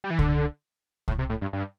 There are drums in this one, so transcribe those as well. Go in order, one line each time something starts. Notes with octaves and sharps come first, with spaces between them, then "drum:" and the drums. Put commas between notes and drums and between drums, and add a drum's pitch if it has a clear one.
G3
E3
D3, drum: kick C2
A2, drum: kick C2
C3
A2
G2
G2